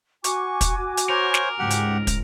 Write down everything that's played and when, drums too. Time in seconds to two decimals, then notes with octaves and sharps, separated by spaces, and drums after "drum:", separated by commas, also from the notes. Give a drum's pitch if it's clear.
0.24 F#4 G#5 C#6 D6, drum: hi-hat
0.61 drum: kick, hi-hat
0.97 drum: hi-hat
1.09 A#4 C5 C#5
1.34 drum: snare
1.59 C#2 G#2 G4 F#5
1.70 drum: hi-hat
2.07 drum: kick, hi-hat